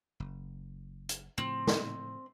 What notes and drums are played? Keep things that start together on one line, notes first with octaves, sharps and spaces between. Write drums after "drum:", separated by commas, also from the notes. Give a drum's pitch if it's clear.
F#1
drum: hi-hat
A2 C#3 F3 C4
drum: snare